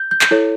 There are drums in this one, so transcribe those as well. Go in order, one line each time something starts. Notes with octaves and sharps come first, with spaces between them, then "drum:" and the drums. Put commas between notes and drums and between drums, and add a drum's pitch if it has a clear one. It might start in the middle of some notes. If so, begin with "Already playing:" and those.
Already playing: G6
G6
G6, drum: clap
E4 A4 C#5